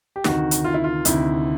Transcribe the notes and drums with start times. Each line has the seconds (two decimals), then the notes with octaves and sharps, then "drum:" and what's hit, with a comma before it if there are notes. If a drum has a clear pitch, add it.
0.16 G4
0.24 D2 C3 D#3 F#4, drum: snare
0.51 drum: hi-hat
0.64 F4
0.74 E4
0.84 F4
1.05 D2 C3 D#3 E4, drum: hi-hat